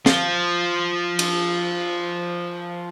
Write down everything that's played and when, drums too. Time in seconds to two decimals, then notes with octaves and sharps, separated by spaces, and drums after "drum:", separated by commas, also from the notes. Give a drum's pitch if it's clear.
0.06 F3 F4, drum: snare
1.19 drum: cymbal